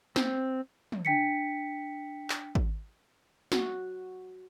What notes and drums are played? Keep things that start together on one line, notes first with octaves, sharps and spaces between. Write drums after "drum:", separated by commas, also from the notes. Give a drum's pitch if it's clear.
C4, drum: snare
drum: tom
D4 G5 B6 C#7
drum: clap
drum: kick G#1
F#4, drum: snare